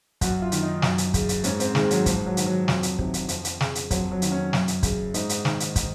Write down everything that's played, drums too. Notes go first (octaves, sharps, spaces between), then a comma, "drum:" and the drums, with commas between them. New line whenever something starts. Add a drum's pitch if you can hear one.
F#2 F#4, drum: kick, hi-hat
F4
D#3, drum: hi-hat
D#4
F#2, drum: snare
drum: hi-hat
C#3, drum: kick, hi-hat
drum: hi-hat
G#2 C#4, drum: hi-hat
C4, drum: hi-hat
D#3 G#3, drum: snare
F#3, drum: hi-hat
G#2 F3, drum: kick, hi-hat
F#3
D#3, drum: hi-hat
F#3
F2, drum: snare
drum: hi-hat
C3 D#3, drum: kick
drum: hi-hat
F2, drum: hi-hat
drum: hi-hat
C#3, drum: snare
drum: hi-hat
F2 F#3, drum: kick, hi-hat
F#3
D#3, drum: hi-hat
C#4
F#2, drum: snare
drum: hi-hat
C#3, drum: kick, hi-hat
G#2 D#4, drum: hi-hat
drum: hi-hat
D#3, drum: snare
drum: hi-hat
drum: kick, hi-hat